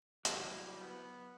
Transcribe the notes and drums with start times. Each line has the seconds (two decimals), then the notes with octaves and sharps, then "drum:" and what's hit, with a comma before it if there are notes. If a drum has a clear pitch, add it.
0.25 F#3 E4, drum: hi-hat
0.51 G3
0.81 B3